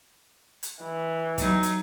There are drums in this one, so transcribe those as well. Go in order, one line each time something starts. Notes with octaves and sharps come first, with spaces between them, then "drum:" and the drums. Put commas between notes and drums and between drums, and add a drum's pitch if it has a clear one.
drum: hi-hat
E3
F#3 D#4, drum: kick, hi-hat
drum: hi-hat